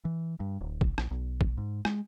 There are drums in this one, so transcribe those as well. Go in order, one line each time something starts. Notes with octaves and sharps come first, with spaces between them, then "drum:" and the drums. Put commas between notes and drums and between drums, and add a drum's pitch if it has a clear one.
E3
G2
D1
drum: kick
A#1, drum: rim click
B1
drum: kick
G#2
G#3, drum: rim click